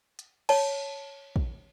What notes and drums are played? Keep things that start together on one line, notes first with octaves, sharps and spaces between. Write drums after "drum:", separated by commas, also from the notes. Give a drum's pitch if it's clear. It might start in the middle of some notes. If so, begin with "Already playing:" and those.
drum: hi-hat
C#5 A5, drum: cymbal
drum: kick